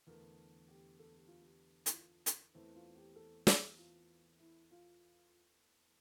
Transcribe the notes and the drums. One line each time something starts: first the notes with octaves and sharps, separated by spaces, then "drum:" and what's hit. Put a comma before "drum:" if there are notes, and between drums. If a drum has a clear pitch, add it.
E2 D3 A3 A#4
G4
A4
G4
F4
G4
E4, drum: hi-hat
F4
drum: hi-hat
E2 E3 A3 C4 E4
F4
G4
A4
G4, drum: snare
F4
E4
F4